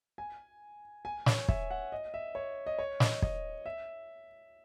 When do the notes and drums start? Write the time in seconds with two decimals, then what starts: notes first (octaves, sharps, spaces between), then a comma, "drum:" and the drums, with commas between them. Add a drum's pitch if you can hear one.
0.18 G#5
1.05 G#5
1.26 C#5, drum: snare
1.48 E5, drum: kick
1.71 F#5
1.92 D#5
2.14 E5
2.35 C#5
2.67 D#5
2.79 C#5
3.00 D#5, drum: snare
3.22 D#5, drum: kick
3.66 E5